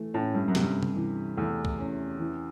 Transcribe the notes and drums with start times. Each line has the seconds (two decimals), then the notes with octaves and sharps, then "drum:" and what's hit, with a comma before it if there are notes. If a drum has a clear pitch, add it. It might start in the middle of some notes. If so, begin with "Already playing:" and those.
Already playing: E3 A3
0.14 A2 C#4
0.34 G2
0.48 F#2
0.55 C3, drum: snare
0.61 G2
0.83 drum: tom C3
0.96 E3
1.37 E2 A3
1.65 drum: kick
1.78 C#4
2.19 E3